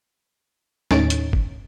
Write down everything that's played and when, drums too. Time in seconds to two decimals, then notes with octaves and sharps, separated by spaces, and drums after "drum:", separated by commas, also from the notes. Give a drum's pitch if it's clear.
0.91 D#2 A2 C#4 D#4 A6 D7, drum: snare
1.10 drum: hi-hat
1.33 drum: kick